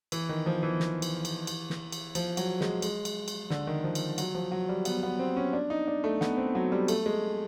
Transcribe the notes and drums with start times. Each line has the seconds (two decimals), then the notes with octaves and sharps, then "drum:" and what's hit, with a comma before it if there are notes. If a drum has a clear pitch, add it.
0.12 E3, drum: cymbal
0.29 D#3
0.46 F3
0.63 E3
0.80 drum: snare
1.02 drum: cymbal
1.25 drum: cymbal
1.47 drum: cymbal
1.70 drum: snare
1.92 drum: cymbal
2.15 F3, drum: cymbal
2.37 F#3, drum: cymbal
2.61 G#3, drum: snare
2.82 G#3, drum: cymbal
3.05 drum: cymbal
3.28 drum: cymbal
3.50 D3, drum: snare
3.67 D#3
3.84 F3
3.95 drum: cymbal
4.18 F#3, drum: cymbal
4.35 F3
4.51 F#3
4.69 G3
4.85 B3, drum: cymbal
5.03 B3
5.19 C4
5.37 C#4
5.53 D4
5.70 D#4
5.87 D4
6.04 A3
6.21 B3, drum: snare
6.37 C4
6.55 F#3
6.72 G3
6.88 A3, drum: cymbal
7.06 G#3